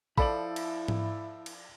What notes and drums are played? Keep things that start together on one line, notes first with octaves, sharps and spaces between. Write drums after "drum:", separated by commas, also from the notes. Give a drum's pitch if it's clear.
F3 E4 A4 D5 B5 F#7, drum: kick
drum: cymbal
drum: tom G#2
drum: cymbal